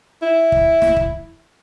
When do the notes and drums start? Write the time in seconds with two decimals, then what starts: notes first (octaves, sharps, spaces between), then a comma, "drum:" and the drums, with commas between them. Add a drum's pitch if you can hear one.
0.22 E4
0.52 drum: kick
0.82 drum: snare
0.97 drum: kick